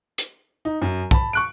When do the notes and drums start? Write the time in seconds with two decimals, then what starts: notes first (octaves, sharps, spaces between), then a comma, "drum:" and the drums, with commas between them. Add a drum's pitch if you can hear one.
0.18 drum: hi-hat
0.65 D#4
0.82 F#2
1.11 A5 B5, drum: kick
1.33 C#6 F#6 D7